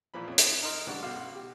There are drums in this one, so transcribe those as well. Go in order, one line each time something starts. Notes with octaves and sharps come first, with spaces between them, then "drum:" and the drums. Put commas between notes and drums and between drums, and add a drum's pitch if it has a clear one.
A#2 E3 F3 B5
F2 C#5
drum: hi-hat
D#4 A#4 D#5 A#5 C6 F6
C#2 E3 G3 D4 F#5 C#6
B1 F#4 F5 D6
G4